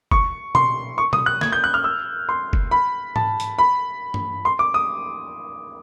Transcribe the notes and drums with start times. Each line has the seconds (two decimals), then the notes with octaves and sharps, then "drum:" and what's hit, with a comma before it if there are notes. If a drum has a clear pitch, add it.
0.11 C#6, drum: kick F#1
0.55 C6, drum: tom B2
0.98 C#6
1.13 D#6, drum: tom B2
1.26 F#6
1.41 G#6, drum: snare
1.53 G6
1.64 F#6
1.74 F6
1.84 E6
2.29 C6
2.53 drum: kick F#1
2.71 B5
3.16 A5, drum: tom G#2
3.40 drum: hi-hat
3.58 B5
4.14 drum: tom G2
4.45 C6
4.59 D6
4.74 D#6